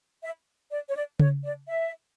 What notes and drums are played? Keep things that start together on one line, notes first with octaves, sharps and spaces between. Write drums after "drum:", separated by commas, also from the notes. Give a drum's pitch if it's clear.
E5
D5
C#5
D5
C#5, drum: tom C#3
D5
E5